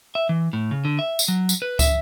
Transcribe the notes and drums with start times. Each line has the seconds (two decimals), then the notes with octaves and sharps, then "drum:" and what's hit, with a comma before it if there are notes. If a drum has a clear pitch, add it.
0.15 E5
0.29 E3
0.53 A2
0.71 C#3
0.85 D3
0.99 E5
1.19 drum: tambourine
1.28 F#3
1.49 drum: tambourine
1.62 B4
1.79 E5, drum: kick, tambourine